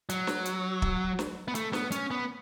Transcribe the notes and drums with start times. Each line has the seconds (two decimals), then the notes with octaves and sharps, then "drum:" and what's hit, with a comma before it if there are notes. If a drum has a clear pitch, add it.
0.10 F#3, drum: hi-hat
0.27 drum: snare
0.45 drum: hi-hat
0.82 drum: kick
1.19 drum: snare
1.48 B3
1.55 A3, drum: hi-hat
1.73 B3, drum: snare
1.92 C#4, drum: hi-hat
2.11 B3